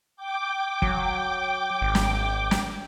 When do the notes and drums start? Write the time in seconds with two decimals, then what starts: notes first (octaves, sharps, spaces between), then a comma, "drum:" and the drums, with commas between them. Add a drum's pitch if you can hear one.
0.16 G5 D6
0.82 F#3, drum: kick
1.82 G#1
1.95 drum: snare
2.51 drum: snare